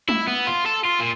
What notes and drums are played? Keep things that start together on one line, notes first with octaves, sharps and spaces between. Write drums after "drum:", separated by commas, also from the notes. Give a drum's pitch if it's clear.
E4, drum: tom
B3
F4
A4
F4
A#2